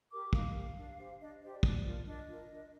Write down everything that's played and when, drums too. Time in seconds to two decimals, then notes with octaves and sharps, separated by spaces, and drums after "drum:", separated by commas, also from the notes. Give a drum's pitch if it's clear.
0.10 G4 A#4 D6
0.33 D#4 F5, drum: kick
0.54 G4 A#4
0.76 D4
0.98 G4 C5
1.20 D4 D#5
1.41 G4 C5 D#5
1.52 D5
1.63 D4, drum: kick
1.85 F4 A#4
2.07 D4 D#5
2.28 F4 A#4
2.50 D4